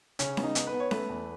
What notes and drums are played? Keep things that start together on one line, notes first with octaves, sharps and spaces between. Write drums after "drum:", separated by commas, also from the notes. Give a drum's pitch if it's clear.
C#3 C#4, drum: hi-hat
B3, drum: snare C#4
D#4
B3, drum: hi-hat
B4
B3
C#5
A3 B4, drum: snare C#4
E2